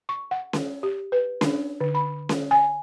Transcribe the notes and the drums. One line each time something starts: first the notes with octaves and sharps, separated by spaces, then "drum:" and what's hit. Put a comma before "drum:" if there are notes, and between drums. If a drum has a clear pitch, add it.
C#6
F#5
drum: snare C#4
G4
B4
D4, drum: snare C#4
D3
B5
drum: snare C#4
G#5